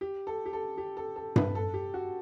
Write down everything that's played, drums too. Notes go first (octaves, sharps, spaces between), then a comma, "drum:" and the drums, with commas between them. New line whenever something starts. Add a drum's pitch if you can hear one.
G4
A4
G4
A4
G4
A4
A4
B4, drum: tom G2
A4
G4
F#4